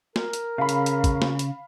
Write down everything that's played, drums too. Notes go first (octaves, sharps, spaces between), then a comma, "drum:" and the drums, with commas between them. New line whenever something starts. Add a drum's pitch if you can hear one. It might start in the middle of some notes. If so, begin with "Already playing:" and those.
A#4, drum: snare
drum: hi-hat
C#3 F5 B5
drum: hi-hat
drum: hi-hat
drum: kick, hi-hat
drum: snare
drum: hi-hat